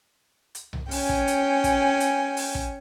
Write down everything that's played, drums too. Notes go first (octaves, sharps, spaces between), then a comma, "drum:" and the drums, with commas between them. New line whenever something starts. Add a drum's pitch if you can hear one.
drum: hi-hat
drum: tom C2
C#4 G5 G#5, drum: open hi-hat
drum: kick
drum: hi-hat
drum: kick, hi-hat
drum: hi-hat
drum: open hi-hat
drum: kick